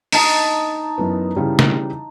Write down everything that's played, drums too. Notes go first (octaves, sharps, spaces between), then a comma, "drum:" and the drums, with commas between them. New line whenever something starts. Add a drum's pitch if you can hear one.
D#4 A5 A#5, drum: open hi-hat
F#2 E3 B3
C#3 E3 G3
drum: snare C#3